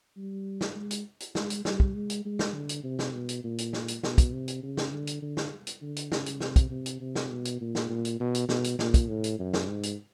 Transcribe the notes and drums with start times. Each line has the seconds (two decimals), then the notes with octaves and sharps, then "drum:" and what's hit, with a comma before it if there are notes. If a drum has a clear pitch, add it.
0.17 G3
0.61 drum: snare
0.76 G#3
0.91 drum: hi-hat
1.20 drum: hi-hat
1.35 G#3, drum: snare
1.50 drum: hi-hat
1.65 G3, drum: snare
1.80 drum: kick
1.94 G#3
2.10 drum: hi-hat
2.25 G#3
2.39 drum: snare
2.54 D3
2.69 drum: hi-hat
2.83 C3
2.99 drum: snare
3.13 B2
3.29 drum: hi-hat
3.44 A#2
3.58 drum: hi-hat
3.73 drum: snare
3.88 drum: hi-hat
4.03 B2, drum: snare
4.18 drum: kick, hi-hat
4.33 C3
4.48 drum: hi-hat
4.63 C#3
4.77 drum: snare
4.92 D3
5.07 drum: hi-hat
5.22 D3
5.37 drum: snare
5.67 drum: hi-hat
5.81 D3
5.96 drum: hi-hat
6.12 C#3, drum: snare
6.26 drum: hi-hat
6.40 C3, drum: snare
6.56 drum: kick, hi-hat
6.70 C3
6.86 drum: hi-hat
7.01 C3
7.15 drum: snare
7.30 B2
7.45 drum: hi-hat
7.61 A#2
7.75 drum: snare
7.89 A#2
8.05 drum: hi-hat
8.20 B2
8.34 drum: hi-hat
8.49 B2, drum: snare
8.64 drum: hi-hat
8.79 A#2, drum: snare
8.94 drum: kick, hi-hat
9.08 A2
9.24 drum: hi-hat
9.39 F#2
9.54 drum: snare
9.68 G#2
9.83 drum: hi-hat